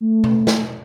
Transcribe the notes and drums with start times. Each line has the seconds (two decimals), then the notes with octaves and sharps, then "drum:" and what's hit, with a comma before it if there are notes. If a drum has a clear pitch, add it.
0.01 A3
0.24 drum: tom B2
0.47 drum: snare